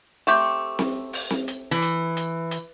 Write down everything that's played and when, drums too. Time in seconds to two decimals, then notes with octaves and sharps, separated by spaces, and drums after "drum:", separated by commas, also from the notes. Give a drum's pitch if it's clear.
0.27 A3 C4 G4
0.79 drum: snare C4
1.13 drum: open hi-hat
1.30 drum: snare C4
1.48 drum: hi-hat
1.71 E3
1.82 drum: hi-hat
2.17 drum: hi-hat
2.51 drum: hi-hat